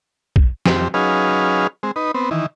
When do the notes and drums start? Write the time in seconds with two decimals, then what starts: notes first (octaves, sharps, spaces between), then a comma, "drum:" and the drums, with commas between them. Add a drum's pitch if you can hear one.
0.36 drum: kick A#1
0.66 F2 C4 G4, drum: snare
0.94 F#3 C#4 D#4 G#4 B4 F5
1.83 G#3 C4
1.96 D#4 B4
2.14 B3 C4
2.31 D#3 E3